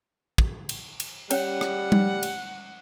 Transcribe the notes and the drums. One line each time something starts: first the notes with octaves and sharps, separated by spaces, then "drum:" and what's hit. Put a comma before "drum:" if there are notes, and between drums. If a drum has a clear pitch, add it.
drum: kick
drum: cymbal
drum: cymbal
G3 C#4 C#5 F#5 G5, drum: cymbal
drum: rim click
drum: tom G3
drum: cymbal